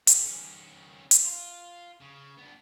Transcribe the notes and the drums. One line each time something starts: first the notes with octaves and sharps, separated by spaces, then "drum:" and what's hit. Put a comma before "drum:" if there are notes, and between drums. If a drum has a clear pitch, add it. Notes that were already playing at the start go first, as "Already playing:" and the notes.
B3 G#4, drum: hi-hat
D#3 C#4
drum: hi-hat
F4
C#3
B3 D4